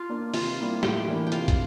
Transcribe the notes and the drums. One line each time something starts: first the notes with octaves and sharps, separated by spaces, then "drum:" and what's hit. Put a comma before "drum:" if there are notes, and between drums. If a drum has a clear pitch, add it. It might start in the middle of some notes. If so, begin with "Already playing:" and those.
Already playing: F4 F5
A#3 D4
C3 F4 F5, drum: open hi-hat
G3 A#3 E4
A2 G4 G5, drum: snare
E3 A#3 D4
G5
C3 F4 F5, drum: hi-hat
drum: kick, hi-hat